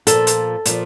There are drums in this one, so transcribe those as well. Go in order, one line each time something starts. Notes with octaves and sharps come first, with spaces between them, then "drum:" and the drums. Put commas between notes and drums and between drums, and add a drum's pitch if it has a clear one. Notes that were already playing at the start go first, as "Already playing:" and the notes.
A#2 F3 A4, drum: hi-hat
drum: hi-hat
A#2 F3, drum: hi-hat